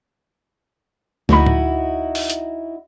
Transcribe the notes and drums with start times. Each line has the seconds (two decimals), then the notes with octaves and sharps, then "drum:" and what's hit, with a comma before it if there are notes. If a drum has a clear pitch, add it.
1.29 D2 D#4 E4 F#4 B5, drum: snare F3
1.46 drum: tom
2.15 drum: open hi-hat
2.30 drum: hi-hat